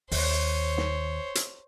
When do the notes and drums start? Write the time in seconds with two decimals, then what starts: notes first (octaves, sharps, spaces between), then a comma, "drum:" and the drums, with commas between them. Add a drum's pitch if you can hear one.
0.11 D#2 C5 C#5, drum: open hi-hat
0.78 drum: snare
1.35 drum: hi-hat